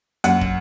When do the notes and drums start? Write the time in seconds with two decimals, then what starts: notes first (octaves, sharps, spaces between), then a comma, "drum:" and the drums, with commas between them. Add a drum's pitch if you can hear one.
0.24 F#2 F#5, drum: hi-hat
0.41 drum: kick